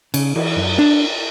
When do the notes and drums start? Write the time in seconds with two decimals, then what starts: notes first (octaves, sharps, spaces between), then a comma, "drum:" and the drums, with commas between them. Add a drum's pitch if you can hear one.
0.14 C#3, drum: cymbal
0.36 E3, drum: cymbal
0.56 F#2
0.79 D4